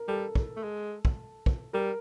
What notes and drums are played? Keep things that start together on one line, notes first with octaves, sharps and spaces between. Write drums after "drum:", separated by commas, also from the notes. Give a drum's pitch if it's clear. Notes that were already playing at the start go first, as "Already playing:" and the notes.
Already playing: A#4
G3 A4
drum: kick
A3
G#3
drum: kick
drum: kick
G3 A#4